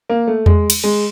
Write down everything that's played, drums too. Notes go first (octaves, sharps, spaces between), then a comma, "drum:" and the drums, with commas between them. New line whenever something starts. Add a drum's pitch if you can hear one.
A#3
A3
G#3, drum: tom E2
drum: cymbal
G#3